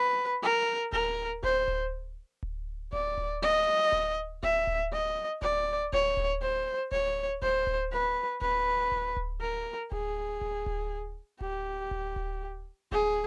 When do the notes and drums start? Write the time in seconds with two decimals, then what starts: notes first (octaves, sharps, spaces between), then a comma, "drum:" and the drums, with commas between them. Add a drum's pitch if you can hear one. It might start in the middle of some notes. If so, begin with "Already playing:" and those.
Already playing: B4
0.43 A#4
0.92 A#4, drum: kick D1
1.43 C5, drum: kick D1
1.68 drum: kick D1
2.43 drum: kick D1
2.93 D5, drum: kick D1
3.17 drum: kick D1
3.42 D#5
3.92 drum: kick D1
4.43 E5, drum: kick D1
4.67 drum: kick D1
4.92 D#5
5.42 D5, drum: kick D1
5.93 C#5, drum: kick D1
6.17 drum: kick D1
6.42 C5
6.92 C#5, drum: kick D1
7.42 C5, drum: kick D1
7.67 drum: kick D1
7.92 B4
8.41 B4, drum: kick D1
8.92 drum: kick D1
9.17 drum: kick D1
9.41 A#4
9.92 G#4, drum: kick D1
10.41 drum: kick D1
10.66 drum: kick D1
11.41 G4, drum: kick D1
11.91 drum: kick D1
12.16 drum: kick D1
12.92 G#4, drum: kick D1